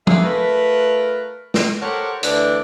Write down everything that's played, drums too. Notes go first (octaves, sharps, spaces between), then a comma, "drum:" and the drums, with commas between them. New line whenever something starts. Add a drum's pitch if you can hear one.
D2 A#3 G#4 B4 E5, drum: tom
A3 F4 A#4 B4
drum: snare
G4 A4 A#4 C5 C#5 F#5
D2 E3 D4, drum: hi-hat